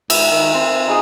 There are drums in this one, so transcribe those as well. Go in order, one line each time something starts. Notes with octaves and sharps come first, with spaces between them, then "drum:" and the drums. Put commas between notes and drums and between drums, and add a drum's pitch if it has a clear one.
G#2 E5, drum: cymbal
D#3
C4
D#4 G#4 D#6